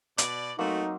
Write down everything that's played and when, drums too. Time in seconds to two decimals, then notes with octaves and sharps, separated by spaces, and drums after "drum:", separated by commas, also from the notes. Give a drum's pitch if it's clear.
0.18 B2 D5, drum: hi-hat
0.59 F#3 A3 A#3 C4 D#4 F#4